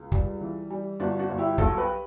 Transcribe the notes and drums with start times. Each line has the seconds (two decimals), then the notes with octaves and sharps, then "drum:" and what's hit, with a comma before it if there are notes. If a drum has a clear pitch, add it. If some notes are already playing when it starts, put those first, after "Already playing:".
Already playing: C#2
0.12 G3, drum: kick
0.41 E3
0.70 G3
1.00 G1 D4 F#4
1.19 D4 F#4
1.29 G1
1.38 E4 G4
1.58 B1 F#4 A4, drum: kick
1.77 G4 B4